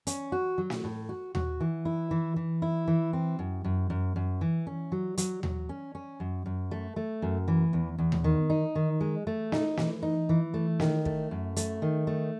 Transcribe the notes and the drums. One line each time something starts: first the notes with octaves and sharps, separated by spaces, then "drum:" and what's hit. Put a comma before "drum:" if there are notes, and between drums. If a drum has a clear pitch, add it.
C#4, drum: hi-hat
F#4
F#3
drum: snare
A2
F#4
F#4, drum: tom D#2
E3
E4
E3
E3
E4
E3
C4
F#2
F#2
F#2
F#2
E3
C#4
F#3
F#3, drum: hi-hat
F#3, drum: tom D#2
C#4
C#4
F#2
F#2
A3
A3
F#2
E3
E2
E2
drum: tom D#2
D#3
D#4
D#3
G#3
A3
D#4, drum: snare
E3, drum: snare
D#4
E3
A3
D#3, drum: snare
A3, drum: kick
F#2
A3, drum: hi-hat
D#3
A3